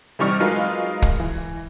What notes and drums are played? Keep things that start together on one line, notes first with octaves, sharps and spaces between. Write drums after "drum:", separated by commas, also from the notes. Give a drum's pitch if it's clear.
C3 E3 G3 D#4 C#6 F6
F#3 G#3 D#4 F4 A#4 B4
drum: kick
E3